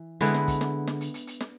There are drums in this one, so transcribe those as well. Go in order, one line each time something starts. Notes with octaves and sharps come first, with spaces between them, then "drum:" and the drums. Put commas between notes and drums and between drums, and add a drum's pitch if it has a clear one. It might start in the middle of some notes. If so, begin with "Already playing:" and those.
Already playing: E3
D3 G#3 B3 E4, drum: hi-hat
drum: snare
drum: kick, hi-hat
drum: snare
drum: snare
drum: hi-hat
drum: hi-hat
drum: hi-hat
drum: snare